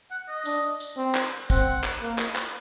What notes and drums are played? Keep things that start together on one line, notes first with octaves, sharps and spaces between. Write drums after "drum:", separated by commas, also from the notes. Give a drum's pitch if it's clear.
F#5
D#5
D4, drum: tambourine
drum: tambourine
C4
drum: clap
C4 F#5, drum: kick, tambourine
drum: clap
A#3
drum: clap
drum: clap